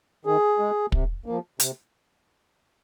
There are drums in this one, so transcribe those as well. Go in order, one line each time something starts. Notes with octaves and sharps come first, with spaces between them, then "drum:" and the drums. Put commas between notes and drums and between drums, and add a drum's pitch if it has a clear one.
D#3 G#4
G#3
C3, drum: kick
F3 A#3
C3, drum: hi-hat